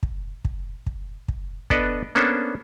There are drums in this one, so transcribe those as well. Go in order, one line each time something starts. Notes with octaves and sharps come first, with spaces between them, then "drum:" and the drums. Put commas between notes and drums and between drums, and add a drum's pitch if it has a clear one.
drum: kick
drum: kick
drum: kick
drum: kick
B3 D4 A4 B4 D5 D#5, drum: kick
A#3 B3 C#4 D4 A4 C5